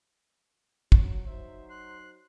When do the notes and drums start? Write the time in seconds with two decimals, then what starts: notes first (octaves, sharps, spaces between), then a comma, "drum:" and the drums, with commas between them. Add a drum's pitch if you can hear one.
0.92 F#3, drum: kick
1.26 F#3 D#4 F#4 C5 E5
1.69 C6 F#6